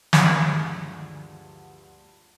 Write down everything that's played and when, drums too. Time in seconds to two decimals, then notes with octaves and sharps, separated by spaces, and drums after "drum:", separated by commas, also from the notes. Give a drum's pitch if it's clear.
0.13 D2 G2 D3 F3 G#3, drum: snare